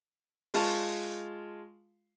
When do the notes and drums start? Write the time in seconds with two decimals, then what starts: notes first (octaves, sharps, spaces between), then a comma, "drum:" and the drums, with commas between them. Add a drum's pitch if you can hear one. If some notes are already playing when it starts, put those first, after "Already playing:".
0.54 G#3 F4 F5 A5 C#6, drum: open hi-hat